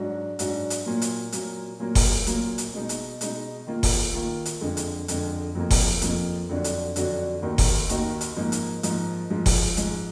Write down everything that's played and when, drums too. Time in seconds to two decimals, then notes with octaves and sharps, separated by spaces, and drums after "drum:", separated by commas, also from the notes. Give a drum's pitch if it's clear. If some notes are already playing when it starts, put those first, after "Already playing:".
Already playing: G#2 F#3 D4 F#4
0.39 G#2 F#3 D4 F#4, drum: hi-hat
0.70 drum: hi-hat
0.86 A#2 F#3 A#3
1.02 drum: hi-hat
1.32 A#2 F#3 A#3, drum: hi-hat
1.80 A#2 F#3 A#3
1.95 drum: kick F#1, open hi-hat
2.26 A#2 F#3 A#3, drum: hi-hat
2.58 drum: hi-hat
2.74 B2 G#3 D#4
2.89 drum: hi-hat
3.21 B2 G#3 D#4, drum: hi-hat
3.67 D#3 A#3 F4
3.83 drum: kick F#1, open hi-hat
4.14 D#3 A#3 F4
4.45 drum: hi-hat
4.61 F2 D3 G#3
4.77 drum: hi-hat
5.08 F2 D3 G#3, drum: hi-hat
5.55 F2 F3 A#3
5.71 drum: kick F#1, open hi-hat
6.01 F2 F3 A#3, drum: hi-hat
6.49 F2 D3 F#3 D4 F#4
6.64 drum: hi-hat
6.96 F2 D3 F#3 D4 F#4, drum: hi-hat
7.42 D#2 D#3 A#3 D#4 F#4
7.58 drum: kick F#1, open hi-hat
7.89 D#2 D#3 A#3 D#4 F#4, drum: hi-hat
8.21 drum: hi-hat
8.36 G#2 F3 A#3 D#4
8.52 drum: hi-hat
8.83 G#2 F3 A#3 D#4, drum: hi-hat
9.30 G#2 F3 G#3
9.46 drum: kick F#1, open hi-hat
9.77 G#2 F3 G#3, drum: hi-hat